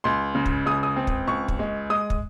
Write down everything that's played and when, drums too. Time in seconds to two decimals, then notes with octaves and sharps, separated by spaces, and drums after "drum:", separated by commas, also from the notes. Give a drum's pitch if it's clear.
0.04 C#2 C6
0.35 C#3
0.46 drum: kick
0.66 C#2 D#6
0.83 D#6
0.96 C4
1.07 drum: kick
1.27 C#2 C#6
1.48 drum: kick
1.59 G#3
1.90 G#3 D#6
2.10 drum: kick